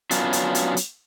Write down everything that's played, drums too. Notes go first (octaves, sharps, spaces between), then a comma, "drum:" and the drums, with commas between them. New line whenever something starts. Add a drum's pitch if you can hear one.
F#3 B3 C#4 D4 F4, drum: hi-hat
drum: hi-hat
drum: hi-hat
drum: hi-hat